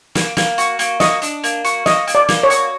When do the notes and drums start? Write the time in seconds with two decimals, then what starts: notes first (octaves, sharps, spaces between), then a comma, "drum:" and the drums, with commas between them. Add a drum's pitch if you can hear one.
0.15 A#3, drum: snare
0.37 A#3, drum: snare
0.58 F#4, drum: hi-hat
0.79 A#3, drum: hi-hat
1.00 F#4 D#5, drum: snare
1.22 D4, drum: hi-hat
1.44 A#3, drum: hi-hat
1.65 F#4, drum: hi-hat
1.86 A#3 D#5, drum: snare
2.08 A#3, drum: hi-hat
2.15 D5
2.29 A#3, drum: snare
2.43 C#5
2.50 F#4, drum: hi-hat